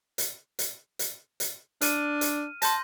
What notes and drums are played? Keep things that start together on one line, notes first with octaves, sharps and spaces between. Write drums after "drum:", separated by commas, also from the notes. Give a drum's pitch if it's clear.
drum: hi-hat
drum: hi-hat
drum: hi-hat
drum: hi-hat
D4 F6 D#7, drum: hi-hat
drum: hi-hat
A5 C6 G6 A#6, drum: hi-hat